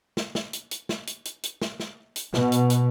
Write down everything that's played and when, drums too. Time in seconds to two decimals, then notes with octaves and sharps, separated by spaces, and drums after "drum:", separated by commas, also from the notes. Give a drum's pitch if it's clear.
0.17 drum: snare
0.35 drum: snare
0.53 drum: hi-hat
0.71 drum: hi-hat
0.89 drum: snare
1.07 drum: hi-hat
1.25 drum: hi-hat
1.43 drum: hi-hat
1.62 drum: snare
1.80 drum: snare
2.16 drum: hi-hat
2.34 B2, drum: snare
2.52 drum: hi-hat
2.70 drum: hi-hat